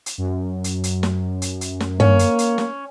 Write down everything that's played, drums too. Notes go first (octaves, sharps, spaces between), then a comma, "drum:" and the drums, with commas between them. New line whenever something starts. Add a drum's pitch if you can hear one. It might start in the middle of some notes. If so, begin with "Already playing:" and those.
drum: hi-hat
F#2
drum: hi-hat
drum: hi-hat
drum: snare
drum: hi-hat
drum: hi-hat
drum: snare
A#3 C#4, drum: tom
drum: hi-hat
drum: hi-hat
drum: snare